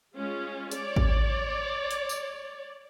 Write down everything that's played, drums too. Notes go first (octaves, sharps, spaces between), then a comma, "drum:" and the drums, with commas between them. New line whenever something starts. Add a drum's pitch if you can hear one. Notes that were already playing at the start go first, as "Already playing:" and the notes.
G#3 C#4 F4
C#5 D5, drum: hi-hat
drum: kick G#1
drum: hi-hat
drum: tambourine